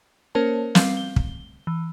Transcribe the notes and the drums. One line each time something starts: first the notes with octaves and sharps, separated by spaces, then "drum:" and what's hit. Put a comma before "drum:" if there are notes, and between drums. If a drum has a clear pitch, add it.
A#3 C#4 A#4 C5 C#5 A5
G3 C4 F5, drum: snare
G7
drum: kick
E3